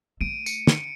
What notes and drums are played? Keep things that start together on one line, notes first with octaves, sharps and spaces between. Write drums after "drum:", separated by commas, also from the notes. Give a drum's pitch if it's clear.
A3 D7 D#7
C#7, drum: tambourine
drum: snare